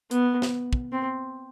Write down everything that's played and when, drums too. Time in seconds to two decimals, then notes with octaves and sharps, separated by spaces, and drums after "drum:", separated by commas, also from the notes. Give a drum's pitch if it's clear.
0.11 B3, drum: hi-hat
0.42 drum: snare
0.73 drum: kick
0.92 C4